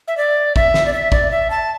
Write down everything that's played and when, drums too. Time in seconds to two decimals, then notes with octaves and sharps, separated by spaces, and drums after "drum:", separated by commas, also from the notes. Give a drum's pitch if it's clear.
0.08 E5
0.17 D5
0.56 E5, drum: kick
0.74 drum: snare
0.86 D5
0.93 E5
1.12 D5, drum: kick
1.31 E5
1.50 A5